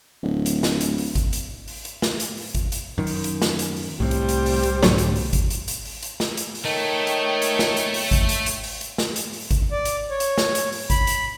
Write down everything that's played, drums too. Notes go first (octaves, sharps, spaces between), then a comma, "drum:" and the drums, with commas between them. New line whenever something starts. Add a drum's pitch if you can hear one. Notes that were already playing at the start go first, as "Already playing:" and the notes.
D1
drum: hi-hat
drum: snare
drum: hi-hat
drum: open hi-hat
drum: kick G#1, hi-hat
drum: hi-hat
drum: open hi-hat
drum: hi-hat
drum: snare
drum: hi-hat
drum: open hi-hat
drum: kick G#1, hi-hat
drum: hi-hat
F#2 D#3
drum: open hi-hat
drum: hi-hat
drum: snare
drum: hi-hat
drum: open hi-hat
C2 A2 C3 G3 C5
drum: hi-hat
drum: hi-hat
drum: open hi-hat
drum: hi-hat
G#2 B2 D3 F#3 A3, drum: snare
drum: hi-hat
drum: open hi-hat
drum: kick G#1, hi-hat
drum: hi-hat
drum: hi-hat
drum: open hi-hat
drum: hi-hat
drum: snare
drum: hi-hat
drum: open hi-hat
D#3 A3 C#5 G5
drum: hi-hat
drum: hi-hat
drum: snare
drum: hi-hat
drum: open hi-hat
drum: kick G#1, hi-hat
drum: hi-hat
drum: hi-hat
drum: open hi-hat
drum: hi-hat
drum: snare
drum: hi-hat
drum: open hi-hat
drum: kick G#1, hi-hat
D5
drum: hi-hat
C#5
drum: hi-hat
drum: snare
drum: hi-hat
drum: open hi-hat
B5, drum: kick G#1, hi-hat
drum: hi-hat